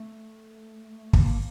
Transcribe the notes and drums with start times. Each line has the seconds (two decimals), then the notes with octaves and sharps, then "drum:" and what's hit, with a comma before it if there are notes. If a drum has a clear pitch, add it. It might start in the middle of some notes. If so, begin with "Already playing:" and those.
Already playing: A3
1.13 A#3, drum: kick